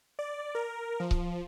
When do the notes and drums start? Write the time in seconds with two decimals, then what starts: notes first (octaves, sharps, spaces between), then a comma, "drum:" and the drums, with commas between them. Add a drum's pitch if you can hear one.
0.19 D5
0.55 A#4
1.00 F3
1.11 drum: kick C#1